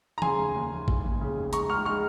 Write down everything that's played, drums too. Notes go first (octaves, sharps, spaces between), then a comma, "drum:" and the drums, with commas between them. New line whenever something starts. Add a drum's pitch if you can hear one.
A#5
C#3 G#5 C6, drum: tom
F1
D#2
D#2
F1, drum: kick A1
D#2
C#3
F1
G#3 A#5 C#6, drum: hi-hat
C#2 C#6 F6
G#3 C#6 F6